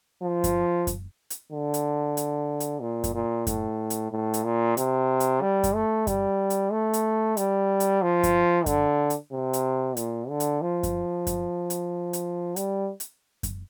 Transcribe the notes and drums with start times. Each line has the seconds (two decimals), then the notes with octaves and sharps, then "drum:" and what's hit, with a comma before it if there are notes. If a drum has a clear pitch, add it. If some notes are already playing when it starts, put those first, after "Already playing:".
0.22 F3
0.44 drum: kick F#2, hi-hat
0.87 drum: kick F#2, hi-hat
1.30 drum: hi-hat
1.52 D3
1.74 drum: hi-hat
2.17 drum: hi-hat
2.60 drum: hi-hat
2.81 A#2
3.04 drum: kick F#2, hi-hat
3.14 A#2
3.47 A2, drum: kick F#2, hi-hat
3.90 drum: hi-hat
4.12 A2
4.34 drum: hi-hat
4.44 A#2
4.77 C3, drum: hi-hat
5.20 drum: hi-hat
5.42 G3
5.64 drum: kick F#2, hi-hat
5.75 A3
6.07 G3, drum: kick F#2, hi-hat
6.50 drum: hi-hat
6.72 A3
6.93 drum: hi-hat
7.37 G3, drum: hi-hat
7.80 drum: hi-hat
8.02 F3
8.23 drum: kick F#2, hi-hat
8.66 D3, drum: kick F#2, hi-hat
9.10 drum: hi-hat
9.32 C3
9.53 drum: hi-hat
9.97 A#2, drum: hi-hat
10.29 D3
10.40 drum: hi-hat
10.62 F3
10.83 drum: kick F#2, hi-hat
11.27 drum: kick F#2, hi-hat
11.70 drum: hi-hat
12.13 drum: hi-hat
12.56 G3, drum: hi-hat
13.00 drum: hi-hat
13.43 drum: kick F#2, hi-hat